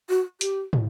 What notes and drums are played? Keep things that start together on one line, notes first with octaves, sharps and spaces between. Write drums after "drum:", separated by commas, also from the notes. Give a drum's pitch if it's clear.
F#4
G4, drum: hi-hat
drum: tom